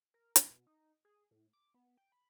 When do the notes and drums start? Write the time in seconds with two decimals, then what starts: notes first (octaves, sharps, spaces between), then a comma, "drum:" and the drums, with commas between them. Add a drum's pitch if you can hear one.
0.14 A#4
0.36 F3, drum: hi-hat
0.51 B2
0.67 D#4
1.05 G#4
1.31 A2
1.53 D6
1.74 B3
1.97 G5
2.12 B5